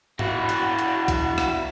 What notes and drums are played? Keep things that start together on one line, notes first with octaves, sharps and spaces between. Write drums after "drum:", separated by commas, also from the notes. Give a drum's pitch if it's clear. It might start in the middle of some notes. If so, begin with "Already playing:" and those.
E4 F#4, drum: tom G#2
drum: hi-hat
drum: hi-hat
drum: kick B1, hi-hat
drum: rim click